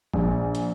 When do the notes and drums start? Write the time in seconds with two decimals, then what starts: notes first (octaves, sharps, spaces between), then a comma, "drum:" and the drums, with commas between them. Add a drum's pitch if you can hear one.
0.14 A#1, drum: kick
0.55 drum: hi-hat